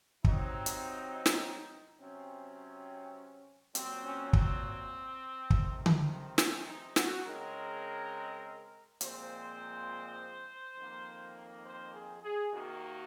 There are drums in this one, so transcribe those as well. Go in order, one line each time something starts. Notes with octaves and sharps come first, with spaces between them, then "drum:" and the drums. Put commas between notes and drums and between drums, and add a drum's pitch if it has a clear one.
C3 F#3 C4 D#4, drum: kick
drum: hi-hat
drum: snare
C3 F#3 C4 C#4
A#2 F#3 C4, drum: hi-hat
C#4
C4, drum: kick
F2 C3 D#3, drum: kick
drum: tom D3
C#4, drum: snare
D#4
F#4, drum: snare
C#3 G#3 C4 A#4
A#2 F3 G#3 C4 C5, drum: hi-hat
F2 D#3 A#3
C5
G#4
G#4
C3 D#3 A#3 F#4